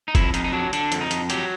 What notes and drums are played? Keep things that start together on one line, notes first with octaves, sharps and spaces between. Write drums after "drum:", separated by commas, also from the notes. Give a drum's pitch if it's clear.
D#4
F2 E4, drum: kick F#1, hi-hat
F2 D#4, drum: hi-hat
D#4
F#3 D4
D3 D4, drum: hi-hat
F2, drum: hi-hat
D#4
F2, drum: hi-hat
F#3 G4, drum: hi-hat